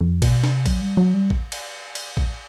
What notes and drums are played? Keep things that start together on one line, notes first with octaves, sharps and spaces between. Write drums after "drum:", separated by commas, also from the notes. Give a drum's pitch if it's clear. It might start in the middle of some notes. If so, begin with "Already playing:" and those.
F2
B2, drum: kick A1, cymbal
C3, drum: snare
F#3, drum: kick A1, cymbal
G3
F#3
G3
drum: kick A1
drum: cymbal
drum: cymbal
drum: kick A1